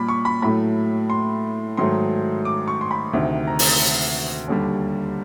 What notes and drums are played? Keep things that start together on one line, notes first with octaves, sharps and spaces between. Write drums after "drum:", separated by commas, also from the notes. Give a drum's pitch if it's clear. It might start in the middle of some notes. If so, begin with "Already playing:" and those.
Already playing: A#2 G3 B5 D6
C#6
B5
A2 F#3 A3 B5
C6
G#2 D#3 F#3 A3 C6
D6
C#6
C6
B5
D2 C3 D#3
A#5
drum: open hi-hat
D#2 D3 G3